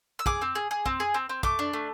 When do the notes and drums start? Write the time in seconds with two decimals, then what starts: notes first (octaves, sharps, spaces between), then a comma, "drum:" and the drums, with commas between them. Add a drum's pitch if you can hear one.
0.19 E6
0.26 G#4 D6, drum: kick
0.42 C4
0.55 G#4
0.71 G#4
0.86 C4, drum: kick
1.00 G#4
1.14 C4
1.29 C4
1.43 A3 D6, drum: kick
1.59 D4
1.73 A3